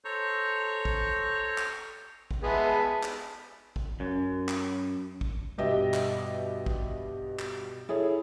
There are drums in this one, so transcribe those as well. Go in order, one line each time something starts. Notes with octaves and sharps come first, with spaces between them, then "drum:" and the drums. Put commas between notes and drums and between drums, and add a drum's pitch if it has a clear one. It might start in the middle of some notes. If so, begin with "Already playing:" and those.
A4 C5 C#5 A#5 C#6
drum: kick
drum: clap
drum: kick
G#3 B3 G#4 E5 A5 B5
drum: clap
drum: kick
F#2
drum: clap
drum: kick
G2 B2 G4 D#5 E5
drum: clap
drum: kick
drum: clap
E4 G#4 A4 C#5